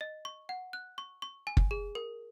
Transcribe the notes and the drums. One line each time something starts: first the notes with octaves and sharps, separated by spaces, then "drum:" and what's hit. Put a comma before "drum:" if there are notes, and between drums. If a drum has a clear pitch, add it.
D#5
C#6
F#5
F#6
C#6
C#6
G#5
drum: kick
G#4
A#4